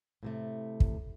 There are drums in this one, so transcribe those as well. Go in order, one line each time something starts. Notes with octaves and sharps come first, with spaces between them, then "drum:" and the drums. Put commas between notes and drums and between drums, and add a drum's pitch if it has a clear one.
A2 C3 A3
drum: kick